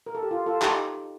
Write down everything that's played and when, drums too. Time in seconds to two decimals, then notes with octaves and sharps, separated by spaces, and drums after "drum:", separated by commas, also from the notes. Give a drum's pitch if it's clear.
0.06 A#4
0.15 A4
0.23 G4
0.31 F4
0.46 F4 A4
0.62 D#4 G4, drum: clap